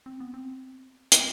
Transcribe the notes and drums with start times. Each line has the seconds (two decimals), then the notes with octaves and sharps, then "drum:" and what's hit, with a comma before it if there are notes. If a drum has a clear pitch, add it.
0.06 C4
0.20 B3
0.34 C4
1.12 drum: hi-hat